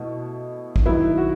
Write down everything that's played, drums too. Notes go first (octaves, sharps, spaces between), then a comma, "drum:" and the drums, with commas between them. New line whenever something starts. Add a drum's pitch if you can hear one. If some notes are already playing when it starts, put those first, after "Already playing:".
Already playing: B2 A3 E4
drum: kick
D#3 F#3 B3 E4
F#4